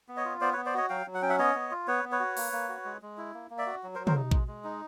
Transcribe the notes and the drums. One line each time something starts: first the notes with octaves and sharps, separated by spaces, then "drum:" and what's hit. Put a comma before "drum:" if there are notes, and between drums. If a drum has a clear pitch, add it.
B3
C#5 D#5
F4
B3 C5 D5
B4 C#5
B3
C5 D5
F#4 C#5 D#5
F#3 F5 G5
F#3
F#5
C#4 G5
E5 F#5
B3 C#5 D#5
B3
F4
B3 B4 C#5
B3
B4 C#5
F#4
A#3, drum: open hi-hat
A#3
F#4
G#3
G#3
E4
A#3
A#3
D5 E5
F#4
F#3
A#4 C5
F#3
A#4 C5, drum: tom
D#4
G#3, drum: kick A#1
G#3
D#4